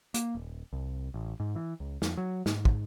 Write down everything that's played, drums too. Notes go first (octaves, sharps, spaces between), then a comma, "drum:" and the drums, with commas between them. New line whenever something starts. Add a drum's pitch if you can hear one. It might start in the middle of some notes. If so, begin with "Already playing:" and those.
A#3, drum: hi-hat
D#1
C2
A1
G#2
E3
C#2
F2, drum: snare
F#3
G#2, drum: snare
drum: kick